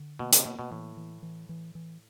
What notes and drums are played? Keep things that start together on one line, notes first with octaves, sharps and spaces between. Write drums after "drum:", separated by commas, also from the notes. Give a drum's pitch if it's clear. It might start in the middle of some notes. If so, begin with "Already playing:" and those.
Already playing: D3
B2 A#3
C3, drum: hi-hat
B2 A#3
B2
A2 E3
E3
E3
E3
E3